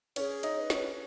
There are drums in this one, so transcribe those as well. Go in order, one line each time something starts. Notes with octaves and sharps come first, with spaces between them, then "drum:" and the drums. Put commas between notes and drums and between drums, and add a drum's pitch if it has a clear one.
C#4 G#4 B4 C#5, drum: cymbal
D#4 D#5, drum: cymbal
C#5
B4
C#4 C#5, drum: snare